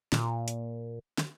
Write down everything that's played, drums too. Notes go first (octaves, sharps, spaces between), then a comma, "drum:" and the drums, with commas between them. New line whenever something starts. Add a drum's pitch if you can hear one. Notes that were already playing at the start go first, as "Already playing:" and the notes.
A#2, drum: snare
drum: hi-hat
drum: snare